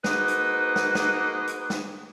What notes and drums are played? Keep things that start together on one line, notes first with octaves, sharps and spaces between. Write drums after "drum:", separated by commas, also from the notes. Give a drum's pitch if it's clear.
A#3 D#4 F#4 G#4 B4 C5, drum: snare
drum: hi-hat
drum: snare
drum: snare
drum: hi-hat
drum: snare